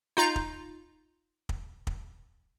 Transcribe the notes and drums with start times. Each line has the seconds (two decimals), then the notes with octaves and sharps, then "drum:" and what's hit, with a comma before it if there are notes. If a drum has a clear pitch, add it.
0.17 D#4 F4 A#5 G6
0.36 drum: kick
1.49 drum: kick
1.87 drum: kick